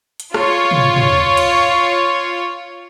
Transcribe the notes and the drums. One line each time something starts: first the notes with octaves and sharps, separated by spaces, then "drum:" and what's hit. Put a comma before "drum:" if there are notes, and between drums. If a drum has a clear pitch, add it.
drum: hi-hat
F4 C#5, drum: rim click
drum: tom
drum: tom
drum: cymbal